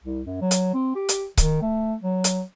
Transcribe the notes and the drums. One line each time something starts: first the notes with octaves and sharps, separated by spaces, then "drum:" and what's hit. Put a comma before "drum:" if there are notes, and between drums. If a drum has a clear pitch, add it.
C2
F#2
F#3
drum: hi-hat
C4
G4
drum: hi-hat
D#3, drum: kick C#1, hi-hat
A3
F#3
drum: hi-hat